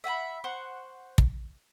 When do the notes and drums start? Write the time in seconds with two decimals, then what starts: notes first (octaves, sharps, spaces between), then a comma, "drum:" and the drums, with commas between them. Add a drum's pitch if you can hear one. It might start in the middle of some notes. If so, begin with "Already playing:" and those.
0.04 E5 F#5 G#5 B5
0.44 C5 F#5 C#6
1.18 drum: kick